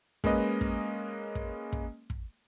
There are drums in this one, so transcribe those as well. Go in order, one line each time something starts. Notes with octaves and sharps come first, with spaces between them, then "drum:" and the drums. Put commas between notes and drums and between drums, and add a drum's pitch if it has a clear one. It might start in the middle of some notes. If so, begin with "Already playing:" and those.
G#3 A#3 C#4 B4 D#5, drum: kick
drum: kick
drum: kick
drum: kick
drum: kick